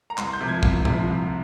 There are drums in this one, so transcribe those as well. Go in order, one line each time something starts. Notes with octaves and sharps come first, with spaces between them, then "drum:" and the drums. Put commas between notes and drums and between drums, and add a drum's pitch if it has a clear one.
A#5
C2 C6, drum: clap
G6
C3 F3
G#6
C2, drum: kick
C3 F3, drum: tom A#2
C2